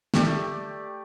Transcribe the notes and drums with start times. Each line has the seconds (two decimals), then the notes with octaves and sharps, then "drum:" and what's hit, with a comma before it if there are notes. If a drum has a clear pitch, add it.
0.14 A3 G4 D5, drum: snare